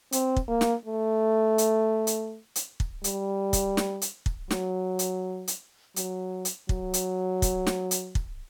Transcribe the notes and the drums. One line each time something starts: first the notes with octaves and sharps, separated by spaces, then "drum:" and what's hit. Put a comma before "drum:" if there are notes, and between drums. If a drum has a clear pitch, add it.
C4, drum: hi-hat
drum: kick
A#3
drum: snare
A3
drum: hi-hat
drum: hi-hat
drum: hi-hat
drum: kick
G3, drum: hi-hat
drum: kick, hi-hat
drum: snare
drum: hi-hat
drum: kick
F#3, drum: snare
drum: hi-hat
drum: hi-hat
F#3, drum: hi-hat
drum: hi-hat
F#3, drum: kick
drum: hi-hat
drum: kick, hi-hat
drum: snare
drum: hi-hat
drum: kick